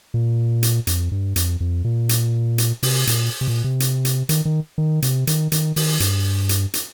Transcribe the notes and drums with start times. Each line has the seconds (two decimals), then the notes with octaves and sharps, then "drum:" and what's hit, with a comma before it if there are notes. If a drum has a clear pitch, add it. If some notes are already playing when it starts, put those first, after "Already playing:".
0.14 A#2
0.63 drum: hi-hat
0.87 F2, drum: hi-hat
1.12 G2
1.36 F2, drum: hi-hat
1.60 F2
1.84 A#2
2.09 drum: hi-hat
2.58 drum: hi-hat
2.83 C3, drum: open hi-hat
3.07 A#2, drum: hi-hat
3.41 C3
3.48 A#2
3.64 C3
3.80 drum: hi-hat
4.05 drum: hi-hat
4.29 D#3, drum: hi-hat
4.45 D#3
4.78 D#3
5.02 C3, drum: hi-hat
5.27 D#3, drum: hi-hat
5.52 D#3, drum: hi-hat
5.76 D#3, drum: open hi-hat
6.00 G2, drum: hi-hat
6.49 drum: hi-hat
6.74 drum: hi-hat